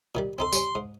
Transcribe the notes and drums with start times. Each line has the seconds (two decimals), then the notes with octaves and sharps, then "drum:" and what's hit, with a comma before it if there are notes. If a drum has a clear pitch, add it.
0.15 A#2 D#3 G3
0.39 C4 D#4 A4 C6
0.53 G3 C#4, drum: tambourine
0.75 G#2